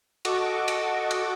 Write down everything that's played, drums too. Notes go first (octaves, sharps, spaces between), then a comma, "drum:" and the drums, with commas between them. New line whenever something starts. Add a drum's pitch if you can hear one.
F#4 A4 D#5 C#6 D6, drum: cymbal
drum: cymbal
drum: cymbal